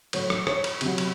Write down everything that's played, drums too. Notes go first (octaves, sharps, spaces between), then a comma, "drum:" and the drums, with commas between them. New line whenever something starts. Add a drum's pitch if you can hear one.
A2 F#3 C#5, drum: cymbal
drum: rim click
C#5, drum: rim click
drum: cymbal
C3 F#3, drum: cymbal
drum: cymbal